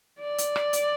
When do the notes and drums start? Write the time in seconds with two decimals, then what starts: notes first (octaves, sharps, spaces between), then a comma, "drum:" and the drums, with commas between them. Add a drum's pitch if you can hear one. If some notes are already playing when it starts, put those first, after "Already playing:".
0.21 D5
0.38 drum: hi-hat
0.56 drum: rim click
0.73 drum: hi-hat